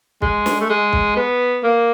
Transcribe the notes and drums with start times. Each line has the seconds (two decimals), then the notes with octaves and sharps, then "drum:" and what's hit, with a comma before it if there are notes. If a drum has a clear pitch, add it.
0.22 G#3, drum: kick
0.46 drum: snare
0.61 A3
0.70 G#3
0.93 drum: kick
1.16 B3
1.64 A#3